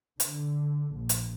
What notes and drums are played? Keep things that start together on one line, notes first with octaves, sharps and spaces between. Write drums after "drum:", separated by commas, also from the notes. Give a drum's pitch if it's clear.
D3, drum: hi-hat
A#1
drum: hi-hat